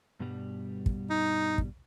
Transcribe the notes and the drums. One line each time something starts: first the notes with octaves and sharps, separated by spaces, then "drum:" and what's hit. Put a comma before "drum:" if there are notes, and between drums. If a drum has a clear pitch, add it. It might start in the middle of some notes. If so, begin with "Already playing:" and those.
G2 B2 G3
drum: kick
D#4
drum: kick